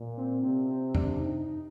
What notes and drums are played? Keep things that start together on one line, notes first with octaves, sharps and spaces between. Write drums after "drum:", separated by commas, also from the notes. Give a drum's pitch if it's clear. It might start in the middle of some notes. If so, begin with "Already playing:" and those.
Already playing: A#2
C4
C3 C4
C4
D4, drum: tom F2
D#4
D#4